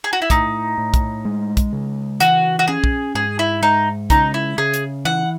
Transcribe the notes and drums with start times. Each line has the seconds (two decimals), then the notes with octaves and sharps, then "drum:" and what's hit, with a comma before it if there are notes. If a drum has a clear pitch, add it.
0.04 G#4
0.13 F#4
0.22 E4
0.30 A2 D#4, drum: kick, hi-hat
0.78 A2
0.94 drum: kick, hi-hat
1.25 G#3
1.57 drum: kick, hi-hat
1.73 C#3
2.20 E3 F#4, drum: hi-hat
2.59 F#4
2.68 C#4 G#4
2.84 drum: kick
3.15 G#2 G#4
3.39 E4
3.62 G#3 D#4
4.10 C#3 D#4, drum: kick, hi-hat
4.34 E4
4.58 C#3 G#4
4.74 drum: hi-hat
5.05 E3 F#5